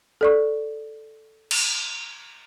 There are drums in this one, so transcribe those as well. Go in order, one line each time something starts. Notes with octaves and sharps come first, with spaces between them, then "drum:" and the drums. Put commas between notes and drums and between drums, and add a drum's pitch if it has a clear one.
A4 D5 C#6
drum: cymbal